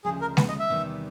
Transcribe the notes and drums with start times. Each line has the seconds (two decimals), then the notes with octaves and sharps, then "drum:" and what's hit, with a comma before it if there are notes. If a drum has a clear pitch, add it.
0.05 D2 C#3 F3 G#3 G#4
0.21 A#4
0.37 B4, drum: snare G#3
0.49 D#5
0.59 E5
0.69 E2 C3 D#3 G3 B3